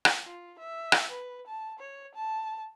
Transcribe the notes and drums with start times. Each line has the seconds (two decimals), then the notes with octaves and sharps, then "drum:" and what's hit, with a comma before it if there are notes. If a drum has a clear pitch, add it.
0.05 drum: rim click
0.24 F4
0.59 E5
0.92 drum: rim click
1.11 B4
1.47 A5
1.79 C#5
2.15 A5